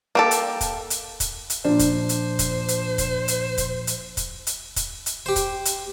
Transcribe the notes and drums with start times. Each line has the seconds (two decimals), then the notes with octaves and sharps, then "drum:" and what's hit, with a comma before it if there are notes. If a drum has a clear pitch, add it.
0.15 A#3 G4 A4
0.31 drum: hi-hat
0.61 drum: kick, hi-hat
0.90 drum: hi-hat
1.20 drum: kick, hi-hat
1.50 drum: hi-hat
1.65 A#2 F3 D4 C5
1.79 drum: kick, hi-hat
2.09 drum: hi-hat
2.39 drum: kick, hi-hat
2.68 drum: hi-hat
2.98 drum: kick, hi-hat
3.28 drum: hi-hat
3.58 drum: kick, hi-hat
3.87 drum: hi-hat
4.17 drum: kick, hi-hat
4.47 drum: hi-hat
4.76 drum: kick, hi-hat
5.06 drum: hi-hat
5.26 G4 C5
5.36 drum: kick, hi-hat
5.65 drum: hi-hat